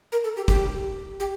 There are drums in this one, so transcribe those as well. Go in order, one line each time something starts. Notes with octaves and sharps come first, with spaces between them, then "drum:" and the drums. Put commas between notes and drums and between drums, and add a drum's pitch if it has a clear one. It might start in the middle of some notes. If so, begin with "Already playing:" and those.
A#4
A4
G4
G4, drum: kick
G4